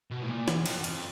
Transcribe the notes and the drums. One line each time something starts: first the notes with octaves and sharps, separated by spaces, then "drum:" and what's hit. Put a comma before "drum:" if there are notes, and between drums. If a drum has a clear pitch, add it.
B2
A2
A#2
E2, drum: snare
F2, drum: cymbal
F#2
F2, drum: cymbal